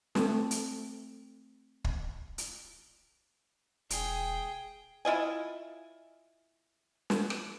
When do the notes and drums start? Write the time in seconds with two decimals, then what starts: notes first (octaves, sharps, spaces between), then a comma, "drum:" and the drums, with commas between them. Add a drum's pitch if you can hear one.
0.15 A3 C4, drum: snare
0.51 drum: hi-hat
1.84 drum: kick
2.38 drum: hi-hat
3.90 E1 G#4 G5, drum: hi-hat
5.05 E4 F4 D#5 G#5
7.10 drum: snare
7.30 drum: rim click